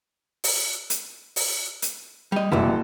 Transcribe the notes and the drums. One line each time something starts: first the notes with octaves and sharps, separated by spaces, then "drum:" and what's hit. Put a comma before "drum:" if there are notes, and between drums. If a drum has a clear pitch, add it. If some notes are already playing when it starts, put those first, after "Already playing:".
drum: open hi-hat
drum: hi-hat
drum: open hi-hat
drum: hi-hat
G3 D#5
F#1 C2 A#2 E4